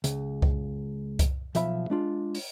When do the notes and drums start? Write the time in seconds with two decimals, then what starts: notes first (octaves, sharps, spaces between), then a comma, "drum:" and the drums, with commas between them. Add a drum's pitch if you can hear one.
0.04 C#2, drum: hi-hat
0.42 drum: kick C2
1.19 drum: kick C2, hi-hat
1.55 B1 F3 E5 B5, drum: hi-hat
1.90 G#3 D4 F4
2.35 drum: open hi-hat